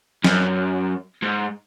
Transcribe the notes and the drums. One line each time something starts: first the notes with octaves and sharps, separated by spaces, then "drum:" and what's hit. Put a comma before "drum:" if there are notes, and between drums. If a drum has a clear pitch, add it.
F#2, drum: snare
G#2